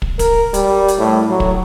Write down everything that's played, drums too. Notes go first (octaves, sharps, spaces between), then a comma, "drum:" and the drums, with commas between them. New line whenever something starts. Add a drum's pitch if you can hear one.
drum: kick
A#4, drum: kick, hi-hat
G3, drum: hi-hat
drum: hi-hat
A2
F#3
drum: kick